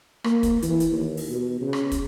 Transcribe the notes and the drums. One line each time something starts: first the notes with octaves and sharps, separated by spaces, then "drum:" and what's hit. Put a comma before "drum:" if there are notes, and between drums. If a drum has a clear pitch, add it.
A#3, drum: rim click
drum: kick, hi-hat
E3, drum: hi-hat
drum: hi-hat
D#2
drum: open hi-hat
B2
C#3
drum: rim click
drum: kick, hi-hat